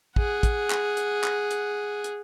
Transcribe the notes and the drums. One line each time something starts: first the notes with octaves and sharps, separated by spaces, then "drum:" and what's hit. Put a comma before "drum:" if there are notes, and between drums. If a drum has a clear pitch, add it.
G#4 F#5, drum: kick
drum: kick, hi-hat
drum: clap
drum: hi-hat
drum: clap
drum: hi-hat
drum: hi-hat